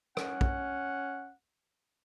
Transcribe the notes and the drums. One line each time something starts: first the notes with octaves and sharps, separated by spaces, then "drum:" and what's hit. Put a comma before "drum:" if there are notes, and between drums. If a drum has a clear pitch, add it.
C#4 F#5, drum: rim click
drum: kick B1